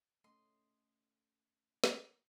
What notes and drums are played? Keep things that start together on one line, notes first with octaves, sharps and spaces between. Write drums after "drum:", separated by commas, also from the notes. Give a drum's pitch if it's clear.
A3 C#4 D#5 C6
drum: snare